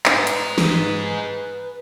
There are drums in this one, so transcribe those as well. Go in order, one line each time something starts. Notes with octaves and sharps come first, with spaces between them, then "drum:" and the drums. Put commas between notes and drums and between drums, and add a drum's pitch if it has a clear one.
G#3 D#4 B4, drum: clap
drum: hi-hat
drum: snare